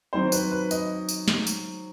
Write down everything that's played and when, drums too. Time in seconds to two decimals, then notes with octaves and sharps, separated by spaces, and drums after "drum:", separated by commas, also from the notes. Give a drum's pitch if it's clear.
0.13 D#3 F#3 C4 C5
0.32 B4, drum: tambourine
0.51 B4
0.71 D#5, drum: tambourine
1.09 drum: tambourine
1.28 drum: snare
1.47 drum: tambourine